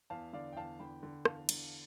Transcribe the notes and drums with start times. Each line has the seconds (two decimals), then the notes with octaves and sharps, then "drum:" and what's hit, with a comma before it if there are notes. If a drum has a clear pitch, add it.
0.10 E2 F5 A5
0.33 D3 D5 F5
0.53 G5
0.57 E2 F5 A5
0.79 D3 G5 B5
1.03 D3
1.25 E2 F5 A5, drum: rim click
1.49 D3, drum: cymbal